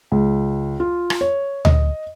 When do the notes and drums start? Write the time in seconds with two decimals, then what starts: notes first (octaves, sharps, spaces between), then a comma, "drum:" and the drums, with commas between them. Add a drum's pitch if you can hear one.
0.12 C#2
0.80 F4
1.10 drum: rim click
1.21 C#5
1.65 D#5, drum: tom D2